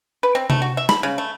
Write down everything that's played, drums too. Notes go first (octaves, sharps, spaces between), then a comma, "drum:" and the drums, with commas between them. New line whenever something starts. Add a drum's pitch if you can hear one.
B4
C4
A3, drum: tom C3
F#4
E5
B5, drum: snare
C#3
A3